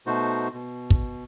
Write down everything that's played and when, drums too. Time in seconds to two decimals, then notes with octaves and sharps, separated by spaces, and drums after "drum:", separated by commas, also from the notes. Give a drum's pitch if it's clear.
0.06 B2 A3 D#4 F#4 C5
0.54 B2
0.90 drum: kick